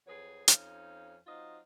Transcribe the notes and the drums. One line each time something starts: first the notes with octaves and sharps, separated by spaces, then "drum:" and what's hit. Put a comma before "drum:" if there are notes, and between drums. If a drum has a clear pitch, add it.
F2 F#3 G#4 B4 C#5
F2 F3 C#4 D#4 F5, drum: hi-hat
F#3 C4 D#4 F4 D#5